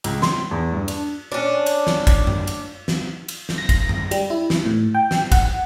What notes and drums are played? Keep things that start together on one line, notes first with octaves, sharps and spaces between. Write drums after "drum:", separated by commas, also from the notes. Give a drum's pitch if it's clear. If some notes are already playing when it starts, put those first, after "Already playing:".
C#2, drum: cymbal
C6, drum: snare
E2
G2
D4, drum: cymbal
C#4 D4
drum: cymbal
drum: snare
drum: kick, cymbal
drum: tom F#2
drum: cymbal
drum: snare
drum: cymbal
drum: snare
A#6
drum: kick, cymbal
drum: tom F#2
G3, drum: cymbal
E4
drum: snare
A2
G5
drum: snare
F#5, drum: kick, cymbal